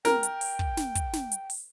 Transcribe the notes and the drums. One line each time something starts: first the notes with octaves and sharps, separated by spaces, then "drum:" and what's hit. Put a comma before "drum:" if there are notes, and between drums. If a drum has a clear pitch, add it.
A#4 G5, drum: snare
drum: hi-hat
drum: open hi-hat
drum: kick
drum: snare
drum: kick, hi-hat
drum: snare
drum: hi-hat
drum: open hi-hat